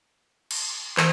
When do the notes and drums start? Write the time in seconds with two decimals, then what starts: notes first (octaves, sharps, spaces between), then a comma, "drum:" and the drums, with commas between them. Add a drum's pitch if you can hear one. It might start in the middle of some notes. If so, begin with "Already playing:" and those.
0.51 drum: cymbal
0.97 E3, drum: clap